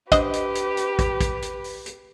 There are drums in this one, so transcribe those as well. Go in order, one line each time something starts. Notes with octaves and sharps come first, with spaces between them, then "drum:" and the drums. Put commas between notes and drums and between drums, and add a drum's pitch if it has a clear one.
D4 G4 B4 C5 D#5, drum: kick, hi-hat
drum: hi-hat
drum: hi-hat
drum: hi-hat
drum: kick, hi-hat
drum: kick, hi-hat
drum: hi-hat
drum: open hi-hat
drum: hi-hat